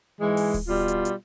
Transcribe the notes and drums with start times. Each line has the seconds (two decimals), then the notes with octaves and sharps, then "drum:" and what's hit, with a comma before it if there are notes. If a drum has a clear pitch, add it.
0.20 G#2 E3 G#3
0.37 drum: open hi-hat
0.54 drum: kick D1, open hi-hat
0.68 B2 G3 F4
0.88 drum: hi-hat
1.05 drum: hi-hat